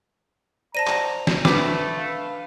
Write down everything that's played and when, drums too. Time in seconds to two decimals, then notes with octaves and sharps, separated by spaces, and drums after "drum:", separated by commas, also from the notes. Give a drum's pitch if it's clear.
0.75 C5 D5 A5 A#5 A#6 D#7
0.87 drum: clap
1.27 drum: snare
1.45 A3 D4 B4 G5 D6 B6, drum: snare
1.97 B4 F5